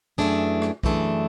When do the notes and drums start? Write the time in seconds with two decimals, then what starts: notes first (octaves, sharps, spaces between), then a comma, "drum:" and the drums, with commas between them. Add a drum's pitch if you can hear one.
0.18 F#2 E3 A3 D4 G#4
0.62 drum: rim click
0.83 F#2 E3 A3 D4 G#4, drum: kick B1